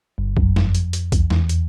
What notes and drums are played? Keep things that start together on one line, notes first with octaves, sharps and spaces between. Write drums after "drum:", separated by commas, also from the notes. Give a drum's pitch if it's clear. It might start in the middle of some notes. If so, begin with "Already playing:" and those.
G1 G2
F#2, drum: kick
F2, drum: snare
drum: hi-hat
drum: hi-hat
E2, drum: kick, hi-hat
E2, drum: snare
drum: hi-hat